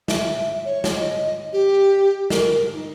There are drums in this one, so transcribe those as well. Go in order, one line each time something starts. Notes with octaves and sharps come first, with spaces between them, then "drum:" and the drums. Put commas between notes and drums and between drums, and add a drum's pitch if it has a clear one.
E5, drum: snare
C#5
drum: snare
D#5
G4
A#4, drum: snare
D#4